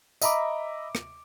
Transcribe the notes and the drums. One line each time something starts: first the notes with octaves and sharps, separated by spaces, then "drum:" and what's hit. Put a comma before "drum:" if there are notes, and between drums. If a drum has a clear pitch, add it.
D#5 E5 A#5 B5 D6, drum: tambourine
drum: rim click